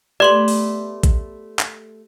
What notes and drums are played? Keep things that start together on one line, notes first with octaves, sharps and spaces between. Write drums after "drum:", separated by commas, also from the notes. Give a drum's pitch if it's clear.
A3 B3 G4 D5 C6 F#7
drum: open hi-hat
drum: kick A1, hi-hat
drum: clap